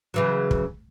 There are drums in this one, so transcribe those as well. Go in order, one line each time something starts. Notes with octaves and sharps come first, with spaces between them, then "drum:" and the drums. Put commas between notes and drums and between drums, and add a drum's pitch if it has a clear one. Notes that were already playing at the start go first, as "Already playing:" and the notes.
C#3 E3 F#3
drum: kick